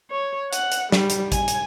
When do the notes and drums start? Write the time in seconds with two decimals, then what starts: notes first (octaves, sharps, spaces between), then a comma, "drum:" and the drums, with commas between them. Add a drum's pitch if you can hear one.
0.11 C#5
0.53 F#5, drum: hi-hat
0.72 drum: hi-hat
0.92 G3, drum: snare
1.10 drum: hi-hat
1.32 G#5, drum: kick, hi-hat
1.48 drum: hi-hat